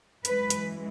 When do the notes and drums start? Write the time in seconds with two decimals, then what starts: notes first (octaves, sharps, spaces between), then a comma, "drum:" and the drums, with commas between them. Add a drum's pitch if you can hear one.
0.25 F#2 E3 G#3 B4, drum: hi-hat
0.50 drum: hi-hat